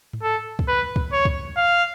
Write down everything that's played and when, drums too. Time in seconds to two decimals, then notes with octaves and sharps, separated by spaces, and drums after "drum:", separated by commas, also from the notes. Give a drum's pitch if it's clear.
0.13 drum: tom G#2
0.23 A4
0.59 drum: kick
0.68 B4
0.96 drum: kick
1.13 C#5
1.25 drum: kick
1.57 F5